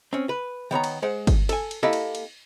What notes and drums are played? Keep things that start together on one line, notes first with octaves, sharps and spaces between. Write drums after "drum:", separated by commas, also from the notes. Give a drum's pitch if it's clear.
C4 C#4
B4
D#3 B3 C#5 A#5
drum: cymbal
G#3 C5 F#5
drum: kick G1, cymbal
A4 G#5, drum: cymbal
drum: cymbal
A#3 E4 G4 A4 D#5
drum: cymbal
drum: cymbal